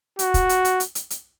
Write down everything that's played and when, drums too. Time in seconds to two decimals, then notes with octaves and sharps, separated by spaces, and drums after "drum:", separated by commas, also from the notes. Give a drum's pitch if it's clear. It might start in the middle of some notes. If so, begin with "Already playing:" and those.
0.19 F#4, drum: hi-hat
0.34 drum: kick, hi-hat
0.49 drum: hi-hat
0.65 drum: hi-hat
0.80 drum: hi-hat
0.95 drum: hi-hat
1.10 drum: hi-hat